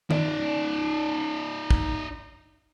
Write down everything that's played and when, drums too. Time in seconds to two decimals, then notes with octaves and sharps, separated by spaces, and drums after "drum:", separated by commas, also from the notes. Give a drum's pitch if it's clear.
0.11 D#4 D5, drum: tom D#3
1.70 drum: kick